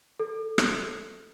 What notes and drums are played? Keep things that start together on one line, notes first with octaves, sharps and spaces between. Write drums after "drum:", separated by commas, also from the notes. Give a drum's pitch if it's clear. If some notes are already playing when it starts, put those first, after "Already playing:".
A4
drum: rim click